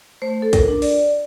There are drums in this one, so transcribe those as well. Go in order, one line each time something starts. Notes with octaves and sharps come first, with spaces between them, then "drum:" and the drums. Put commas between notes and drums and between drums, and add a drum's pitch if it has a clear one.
A3 C5
A4
A#4, drum: kick, hi-hat
D4 F4
D5, drum: open hi-hat